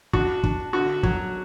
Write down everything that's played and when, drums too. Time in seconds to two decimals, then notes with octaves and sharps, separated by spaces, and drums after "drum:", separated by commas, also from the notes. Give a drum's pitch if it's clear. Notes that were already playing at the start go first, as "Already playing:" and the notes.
0.13 D4 F#4, drum: kick
0.43 D4, drum: kick
0.73 D3 F#4
1.03 F#3, drum: kick